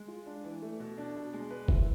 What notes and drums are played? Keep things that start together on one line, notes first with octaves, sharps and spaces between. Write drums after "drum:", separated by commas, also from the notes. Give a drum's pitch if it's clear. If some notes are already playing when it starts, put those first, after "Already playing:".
Already playing: G#3
F4
D4
E3
A3
B2
D4
B2
G#3
B4
E4, drum: kick